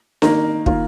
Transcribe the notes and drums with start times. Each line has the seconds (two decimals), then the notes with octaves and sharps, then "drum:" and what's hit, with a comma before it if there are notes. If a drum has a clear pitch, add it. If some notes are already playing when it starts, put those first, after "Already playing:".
0.22 D#3 A#3 D#4 A#4, drum: snare D4
0.66 D#3 A#3 F4, drum: kick